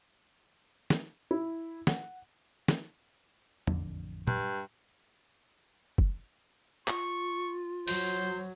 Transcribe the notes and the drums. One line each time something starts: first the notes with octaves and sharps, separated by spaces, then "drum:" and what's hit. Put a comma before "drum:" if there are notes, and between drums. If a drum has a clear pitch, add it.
drum: snare
E4
F#5, drum: snare
drum: snare
A1 F2 D3, drum: tom E2
G2, drum: tom
drum: kick
F4 C#6, drum: clap
F#3 C5, drum: open hi-hat